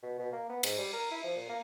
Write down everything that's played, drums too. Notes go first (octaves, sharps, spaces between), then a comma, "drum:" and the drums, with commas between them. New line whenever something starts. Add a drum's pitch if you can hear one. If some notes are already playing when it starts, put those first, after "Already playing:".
B2
B2
A#3
B3
G#2, drum: cymbal
G3
A#4
E4
F3
A#2
A#3